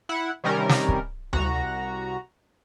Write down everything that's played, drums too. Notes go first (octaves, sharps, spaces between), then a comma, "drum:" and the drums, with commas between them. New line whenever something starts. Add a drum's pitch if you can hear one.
E4 F#5
C3 D#3 G3 C#4 A#4
drum: snare
drum: kick
C2 F#4 A#5, drum: tom D2